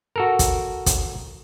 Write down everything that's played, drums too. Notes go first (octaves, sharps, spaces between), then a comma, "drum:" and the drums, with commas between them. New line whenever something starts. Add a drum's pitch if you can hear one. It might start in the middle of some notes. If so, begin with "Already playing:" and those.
F#4 A4 A#4
drum: kick, hi-hat
drum: kick, hi-hat